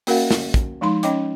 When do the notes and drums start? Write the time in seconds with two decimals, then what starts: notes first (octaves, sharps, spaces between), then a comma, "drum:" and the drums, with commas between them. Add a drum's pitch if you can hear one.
0.07 A#3 C#4 F#4 A#4 F5 F#5, drum: open hi-hat
0.31 drum: snare
0.54 drum: kick, hi-hat
0.81 F3 G#3 D#4 B5 C6
1.03 C#4 C#5 D#5 G5 D6, drum: hi-hat